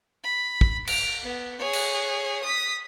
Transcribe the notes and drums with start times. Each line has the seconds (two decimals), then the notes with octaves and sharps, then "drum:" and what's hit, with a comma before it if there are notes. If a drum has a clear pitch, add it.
0.23 B5
0.61 drum: kick
0.87 D7 F7, drum: cymbal
1.23 B3
1.59 G#4 C#5
1.73 drum: cymbal
2.44 D#6 B6